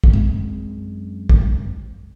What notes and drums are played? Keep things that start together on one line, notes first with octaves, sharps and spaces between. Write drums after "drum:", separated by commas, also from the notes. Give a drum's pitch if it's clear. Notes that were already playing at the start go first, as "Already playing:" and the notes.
drum: kick
F#2 G#3 C4
drum: kick